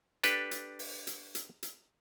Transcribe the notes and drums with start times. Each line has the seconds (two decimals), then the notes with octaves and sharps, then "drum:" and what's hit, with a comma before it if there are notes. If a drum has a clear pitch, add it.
0.23 D4 G4 A4 B4, drum: hi-hat
0.51 drum: hi-hat
0.79 drum: open hi-hat
1.07 drum: hi-hat
1.35 drum: hi-hat
1.63 drum: hi-hat